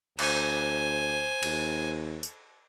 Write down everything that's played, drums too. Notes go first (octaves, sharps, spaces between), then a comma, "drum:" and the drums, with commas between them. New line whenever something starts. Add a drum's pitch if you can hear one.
D2 C5 G#5, drum: cymbal
D#2, drum: cymbal
drum: tambourine